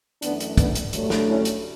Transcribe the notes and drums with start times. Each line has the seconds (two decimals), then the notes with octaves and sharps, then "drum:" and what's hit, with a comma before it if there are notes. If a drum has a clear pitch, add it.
0.22 F#2 E3 A3 B3 D4, drum: hi-hat
0.40 drum: hi-hat
0.58 B3 D4, drum: kick, hi-hat
0.75 drum: hi-hat
0.93 G2 D3 F#3 A3, drum: hi-hat
1.10 drum: snare
1.28 C#4 E4
1.45 drum: hi-hat